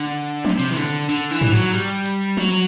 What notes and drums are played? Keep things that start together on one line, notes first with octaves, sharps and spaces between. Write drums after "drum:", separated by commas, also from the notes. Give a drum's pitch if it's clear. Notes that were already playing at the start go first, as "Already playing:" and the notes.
Already playing: D3
C3, drum: tom F3
C3
E3
D3, drum: hi-hat
D3, drum: hi-hat
E3
drum: tom G#2
F#3
G3, drum: hi-hat
drum: hi-hat
F#3, drum: tom F3